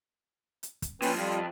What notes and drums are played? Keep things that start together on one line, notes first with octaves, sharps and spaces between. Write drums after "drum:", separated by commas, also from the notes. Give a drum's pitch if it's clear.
drum: hi-hat
drum: kick, hi-hat
A#2 F3 C#4 B4 G5, drum: open hi-hat
F2 G3 F4